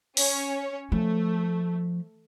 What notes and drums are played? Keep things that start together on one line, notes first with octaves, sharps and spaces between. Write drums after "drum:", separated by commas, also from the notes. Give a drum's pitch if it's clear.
C#4 C#5, drum: open hi-hat
F3 A3